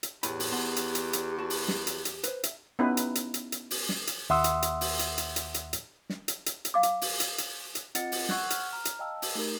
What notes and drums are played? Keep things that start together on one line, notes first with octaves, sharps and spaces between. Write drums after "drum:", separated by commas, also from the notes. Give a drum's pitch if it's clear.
drum: hi-hat
E2 A2 G4 G#5 B5, drum: hi-hat
drum: open hi-hat
B3 A5 C6
drum: hi-hat
drum: hi-hat
drum: hi-hat
F#4 A5
drum: open hi-hat
drum: snare
drum: hi-hat
drum: hi-hat
B4 C5, drum: hi-hat
E5, drum: hi-hat
B3 C#4 D#4 E4 G4 B4
drum: hi-hat
drum: hi-hat
drum: hi-hat
drum: hi-hat
drum: open hi-hat
drum: snare
drum: hi-hat
D#2 E5 F#5 C6 D#6 E6
drum: hi-hat
drum: hi-hat
drum: open hi-hat
drum: hi-hat
drum: hi-hat
drum: hi-hat
drum: hi-hat
drum: hi-hat
drum: snare
drum: hi-hat
drum: hi-hat
drum: hi-hat
F5 D6
drum: hi-hat
drum: open hi-hat
drum: hi-hat
drum: hi-hat
drum: hi-hat
C4 F4 D#5 F#5 A6 C#7, drum: hi-hat
drum: open hi-hat
F#5 C#6 E6 F#6 G#6, drum: snare
F6, drum: hi-hat
A#5 F6
drum: hi-hat
D#5 F5 G5 A5 E6
drum: open hi-hat
A3 D#4 G4 A#4